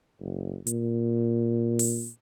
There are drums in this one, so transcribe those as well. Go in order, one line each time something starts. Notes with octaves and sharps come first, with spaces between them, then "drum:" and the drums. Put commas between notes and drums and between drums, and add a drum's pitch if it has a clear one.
F#1
A#2, drum: hi-hat
drum: open hi-hat